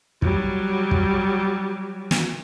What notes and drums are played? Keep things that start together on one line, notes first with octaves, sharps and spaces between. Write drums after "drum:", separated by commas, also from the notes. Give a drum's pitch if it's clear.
F#3 G3, drum: kick
drum: kick
drum: snare